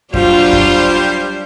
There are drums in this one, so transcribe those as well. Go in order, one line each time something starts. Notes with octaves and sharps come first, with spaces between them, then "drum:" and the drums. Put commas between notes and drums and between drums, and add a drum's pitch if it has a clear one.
F#3 G3 D4 F4 C5, drum: kick F#2
drum: kick F#2